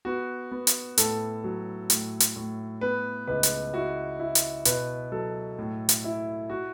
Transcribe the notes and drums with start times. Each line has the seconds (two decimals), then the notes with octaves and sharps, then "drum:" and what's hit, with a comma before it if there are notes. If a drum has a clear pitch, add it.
0.05 B3 F#4
0.51 B3
0.67 drum: hi-hat
0.98 A2 A4, drum: hi-hat
1.44 F#3
1.90 A2, drum: hi-hat
2.20 drum: hi-hat
2.36 A2
2.81 B3 B4
3.27 C#2 B4
3.43 drum: hi-hat
3.74 E4 F#4
4.20 E4
4.35 drum: hi-hat
4.65 B2 B4, drum: hi-hat
5.12 F#3 A4
5.59 A2
5.89 drum: hi-hat
6.04 E4
6.50 F#4